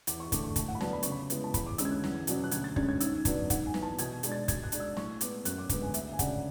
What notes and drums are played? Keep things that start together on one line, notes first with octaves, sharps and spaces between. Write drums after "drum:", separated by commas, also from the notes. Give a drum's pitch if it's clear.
E2 D6, drum: hi-hat
C#6
D3 A3 D6, drum: kick, hi-hat
C#6
A2 A5, drum: kick, hi-hat
F#5
B5
F#3 B3 D4 A5, drum: snare
B5
C#3 C#6, drum: hi-hat
B5
G#3 B3 E4, drum: hi-hat
A5
E2 B5, drum: kick, hi-hat
D6
D3 G#3 C#4 E6, drum: hi-hat
G#6
F#6
E2, drum: snare
B2 F#3 C#4, drum: hi-hat
F#6
D2 G#6, drum: hi-hat
A6
D3 G#3 C#4 G#6, drum: kick
G#6
G#2 E6, drum: hi-hat
F#3 B3 D4, drum: kick, hi-hat
G#2 F#5, drum: kick, hi-hat
G#5
E3 B3, drum: snare
A5
B2 G#6, drum: hi-hat
G#3 D4, drum: hi-hat
A6
B2 G#6, drum: kick, hi-hat
F#6
G#3 D4, drum: hi-hat
E6
A2 C#6, drum: snare
G#3 B3 D6, drum: hi-hat
F#2 F#6, drum: hi-hat
D6
D3 G#3 B3 D6, drum: kick, hi-hat
G#5
D2 E5, drum: hi-hat
G#5
C#3 G#3 D4 F#5, drum: kick, hi-hat